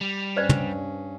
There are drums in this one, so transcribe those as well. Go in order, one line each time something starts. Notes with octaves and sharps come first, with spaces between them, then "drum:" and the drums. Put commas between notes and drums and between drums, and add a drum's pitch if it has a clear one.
G3
G2 C#4 B4 C5 D5
drum: tom